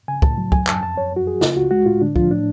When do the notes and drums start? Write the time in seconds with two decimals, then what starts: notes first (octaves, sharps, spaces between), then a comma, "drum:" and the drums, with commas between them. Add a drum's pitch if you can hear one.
0.08 C#3 G#5
0.22 A2 A5, drum: kick
0.38 F#3
0.52 F#2 G#5, drum: kick
0.67 F#2 A5, drum: clap
0.81 F2 A5
0.97 F2 C#5
1.12 F#2 F#4
1.26 F#2 G#4
1.41 C#3 F4, drum: snare
1.56 C#2 F#4
1.71 G#3 F#4
1.85 A2 F4
2.01 D3 D4
2.16 F3 F4, drum: kick
2.31 A2 D4